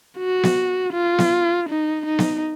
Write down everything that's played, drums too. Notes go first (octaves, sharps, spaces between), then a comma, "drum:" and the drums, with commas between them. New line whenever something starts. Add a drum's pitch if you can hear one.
F#4
drum: snare B3
F4
drum: snare B3
D#4
D#4
drum: snare B3